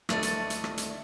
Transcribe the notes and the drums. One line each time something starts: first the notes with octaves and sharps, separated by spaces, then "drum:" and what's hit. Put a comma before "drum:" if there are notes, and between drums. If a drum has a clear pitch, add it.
D2 A3 D5 D#5, drum: rim click
drum: hi-hat
drum: hi-hat
drum: rim click
drum: hi-hat